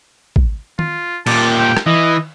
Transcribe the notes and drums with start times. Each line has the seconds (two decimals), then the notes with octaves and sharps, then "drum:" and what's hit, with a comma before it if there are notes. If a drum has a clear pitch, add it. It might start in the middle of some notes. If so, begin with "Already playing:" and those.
0.36 drum: kick
0.79 F4, drum: tom D#3
1.27 A#2 G4 A5, drum: cymbal
1.59 G5
1.77 drum: rim click
1.87 E3 D#5